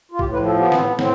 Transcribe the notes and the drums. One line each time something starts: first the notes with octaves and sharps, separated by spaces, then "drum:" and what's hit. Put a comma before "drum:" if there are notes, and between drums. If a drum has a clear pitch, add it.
F4
A2 G4, drum: kick A#1
B4
F3
A4
B3 G4
A2 C4, drum: snare
A2
C4, drum: snare